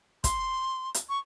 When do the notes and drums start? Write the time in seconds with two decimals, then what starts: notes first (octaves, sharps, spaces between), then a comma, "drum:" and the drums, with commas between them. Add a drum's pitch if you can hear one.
0.24 C6, drum: kick, hi-hat
0.94 drum: hi-hat
1.09 C#6